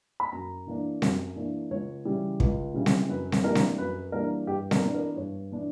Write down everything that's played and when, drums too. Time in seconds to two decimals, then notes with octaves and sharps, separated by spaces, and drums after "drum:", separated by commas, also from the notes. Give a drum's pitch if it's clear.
0.20 B5
0.32 F#2 A#5
0.67 E3 A#3 D4
1.02 F#2, drum: snare C4
1.36 E3 A#3 D4
1.71 C#2 C#5
2.05 C#3 E3 G3
2.40 C#2, drum: kick
2.74 C#3 E3 G3
2.86 drum: snare C4
3.09 F#2 B4
3.32 drum: snare C4
3.44 E3 G3 A#3 D4 A#4
3.55 drum: snare C4
3.78 F#2 B4
4.12 E3 G3 A#3 D4 A#4
4.47 G2 G4
4.71 A#4, drum: snare C4
4.82 E3 B3 D4
4.94 A#4
5.16 G2 C#5
5.51 E3 B3 D4